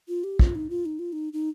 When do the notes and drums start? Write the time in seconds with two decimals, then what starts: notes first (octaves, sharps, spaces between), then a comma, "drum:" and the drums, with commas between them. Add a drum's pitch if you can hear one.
0.08 F4
0.24 G4
0.39 F4, drum: kick
0.55 D#4
0.70 F4
0.86 D#4
0.99 F4
1.13 D#4
1.33 D#4